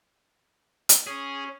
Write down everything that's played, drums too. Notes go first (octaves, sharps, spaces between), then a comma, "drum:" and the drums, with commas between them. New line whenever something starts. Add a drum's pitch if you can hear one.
drum: hi-hat
C#4 G#4